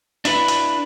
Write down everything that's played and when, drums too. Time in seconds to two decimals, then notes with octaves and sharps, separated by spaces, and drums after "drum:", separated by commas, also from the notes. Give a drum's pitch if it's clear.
0.25 D4 E4 B4, drum: hi-hat
0.48 drum: hi-hat